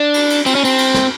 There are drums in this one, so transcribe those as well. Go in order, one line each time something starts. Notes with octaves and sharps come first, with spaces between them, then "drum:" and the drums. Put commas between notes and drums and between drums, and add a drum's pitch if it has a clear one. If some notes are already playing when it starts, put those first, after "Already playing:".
Already playing: D4
drum: cymbal
drum: cymbal
C4, drum: cymbal
C#4
C4, drum: cymbal
drum: cymbal
drum: snare